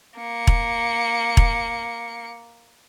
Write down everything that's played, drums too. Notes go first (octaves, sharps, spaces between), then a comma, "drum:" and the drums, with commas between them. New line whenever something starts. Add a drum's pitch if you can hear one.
A#3 C#7
drum: kick E1
drum: kick E1